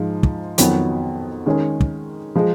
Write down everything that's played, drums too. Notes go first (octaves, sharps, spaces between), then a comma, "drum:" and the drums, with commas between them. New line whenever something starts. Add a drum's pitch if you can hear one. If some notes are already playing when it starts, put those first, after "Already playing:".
Already playing: G#2 F3 G#3 D#4
drum: kick
F2 D#3 F#3 B3 F#4, drum: hi-hat
D#3 G#3 C#4 G#4
drum: kick
F3 G#3